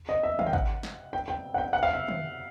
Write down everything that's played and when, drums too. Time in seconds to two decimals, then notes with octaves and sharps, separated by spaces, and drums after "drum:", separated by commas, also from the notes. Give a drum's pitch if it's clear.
0.09 D#5
0.23 E5
0.39 F5, drum: tom
0.46 G5
0.53 F#5, drum: kick
0.83 drum: snare
1.13 G5
1.28 G5
1.54 F#5
1.58 G5
1.73 F#5
1.83 F5
1.93 E5
2.08 drum: tom